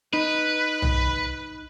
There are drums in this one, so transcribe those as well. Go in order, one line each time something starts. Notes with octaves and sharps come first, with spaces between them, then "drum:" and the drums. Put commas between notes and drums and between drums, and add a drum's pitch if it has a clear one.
D#4 B4
drum: tom